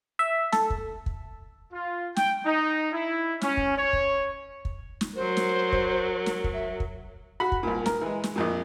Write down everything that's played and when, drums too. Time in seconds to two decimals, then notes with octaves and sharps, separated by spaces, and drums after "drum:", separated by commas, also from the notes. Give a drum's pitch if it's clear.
0.19 E5
0.52 A4, drum: snare
0.70 drum: kick
1.06 drum: kick
1.73 F4
2.16 G5, drum: snare
2.46 D#4
2.92 E4
3.41 C#4, drum: snare
3.57 drum: kick
3.77 C#5
3.93 drum: kick
4.65 drum: kick
5.01 drum: snare
5.16 F#3 A#4 C5
5.37 drum: snare
5.72 drum: kick
6.26 drum: snare
6.44 drum: kick
6.54 E5
6.80 drum: kick
7.40 F#4 F#5 B5
7.52 drum: kick
7.63 C2 A#2
7.86 A#4, drum: snare
8.02 E3 G#3
8.24 drum: snare
8.36 A#1 F2 A#2